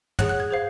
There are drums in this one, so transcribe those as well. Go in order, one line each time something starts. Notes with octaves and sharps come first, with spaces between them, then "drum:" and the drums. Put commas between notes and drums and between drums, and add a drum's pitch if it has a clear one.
G#4 C#5 F#5 F#6, drum: tom
F#6
G#6
G#4 C5 F5